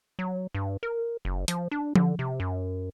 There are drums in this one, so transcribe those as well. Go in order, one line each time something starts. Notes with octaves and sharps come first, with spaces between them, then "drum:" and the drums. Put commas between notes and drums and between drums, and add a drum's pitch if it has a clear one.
F#3
G2
A#4
F#1
F3, drum: hi-hat
D4
D3, drum: tom F3
C3
F#2